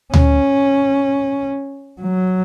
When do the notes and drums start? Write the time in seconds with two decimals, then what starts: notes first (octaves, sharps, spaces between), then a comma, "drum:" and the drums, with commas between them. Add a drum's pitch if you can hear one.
0.14 C#4, drum: tom D2
2.02 F#3